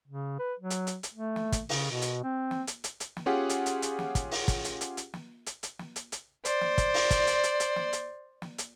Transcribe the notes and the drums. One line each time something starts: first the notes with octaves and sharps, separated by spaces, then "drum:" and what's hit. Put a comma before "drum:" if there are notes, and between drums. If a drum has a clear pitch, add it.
C#3
B4
F#3
drum: hi-hat
drum: hi-hat
drum: hi-hat
A3
drum: snare
drum: kick, hi-hat
C#3, drum: open hi-hat
B2
drum: hi-hat
C4
drum: snare
drum: hi-hat
drum: hi-hat
drum: hi-hat
drum: snare
C#4 F4 G4 G#4 F#5
drum: hi-hat
drum: hi-hat
drum: hi-hat
drum: snare
drum: kick, hi-hat
drum: open hi-hat
drum: kick, hi-hat
drum: hi-hat
drum: hi-hat
drum: hi-hat
drum: snare
drum: hi-hat
drum: hi-hat
drum: snare
drum: hi-hat
drum: hi-hat
C5 D5, drum: hi-hat
drum: snare
drum: kick, hi-hat
drum: open hi-hat
drum: kick, hi-hat
drum: hi-hat
drum: hi-hat
drum: hi-hat
drum: snare
drum: hi-hat
drum: snare
drum: hi-hat